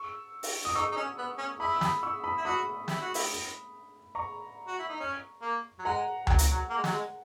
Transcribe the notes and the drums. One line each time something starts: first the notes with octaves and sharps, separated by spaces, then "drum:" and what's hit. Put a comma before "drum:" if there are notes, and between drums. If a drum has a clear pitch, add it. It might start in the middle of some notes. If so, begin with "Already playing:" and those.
Already playing: C#6 E6
drum: open hi-hat
D#6
D#4 C#6 E6
D#4
C#4
B3
C#4
E4 B5 D#6
E6
B5 D#6, drum: snare
C#6 E6
B5 D#6
E4
F#4 B5 D#6
E4, drum: snare
F#4
E4, drum: open hi-hat
A#5 C#6
F#4
E4
D#4
C#4
A#3
F#3
G#3 F#5 A#5
F#3, drum: tom C#2
drum: hi-hat
F#3
A#3
G#3
F#3, drum: snare
G#3